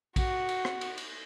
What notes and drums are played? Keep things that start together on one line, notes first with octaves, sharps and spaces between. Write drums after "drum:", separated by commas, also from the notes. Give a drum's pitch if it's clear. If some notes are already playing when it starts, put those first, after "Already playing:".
F#4, drum: kick A#1, cymbal
drum: cymbal
drum: rim click
drum: cymbal
drum: cymbal